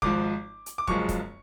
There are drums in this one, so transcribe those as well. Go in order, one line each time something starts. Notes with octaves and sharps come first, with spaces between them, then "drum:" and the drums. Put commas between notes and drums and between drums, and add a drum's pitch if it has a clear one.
G#1 G#2 F3 D6, drum: kick
drum: hi-hat
D6
F#1 F#2 F3 G#3 C#6, drum: kick
drum: kick, hi-hat